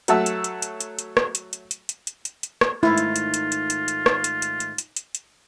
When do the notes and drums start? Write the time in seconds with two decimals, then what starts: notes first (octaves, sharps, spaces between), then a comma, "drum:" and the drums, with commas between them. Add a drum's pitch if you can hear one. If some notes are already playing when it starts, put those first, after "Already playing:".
0.08 F#3 A3 E5 F#5 A5 E6, drum: hi-hat
0.26 drum: hi-hat
0.44 drum: hi-hat
0.62 drum: hi-hat
0.80 drum: hi-hat
0.99 drum: hi-hat
1.17 drum: rim click
1.35 drum: hi-hat
1.53 drum: hi-hat
1.71 drum: hi-hat
1.89 drum: hi-hat
2.07 drum: hi-hat
2.25 drum: hi-hat
2.43 drum: hi-hat
2.61 drum: rim click
2.83 G#2 D#3 A3 E4 F4
2.98 drum: hi-hat
3.16 drum: hi-hat
3.34 drum: hi-hat
3.52 drum: hi-hat
3.70 drum: hi-hat
3.88 drum: hi-hat
4.06 drum: rim click
4.24 drum: hi-hat
4.42 drum: hi-hat
4.60 drum: hi-hat
4.78 drum: hi-hat
4.96 drum: hi-hat
5.15 drum: hi-hat